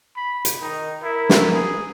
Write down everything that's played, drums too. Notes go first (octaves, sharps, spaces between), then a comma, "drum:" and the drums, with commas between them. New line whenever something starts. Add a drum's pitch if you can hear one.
B5
drum: hi-hat
D#3 D#4
E4 A#4
drum: snare
G#4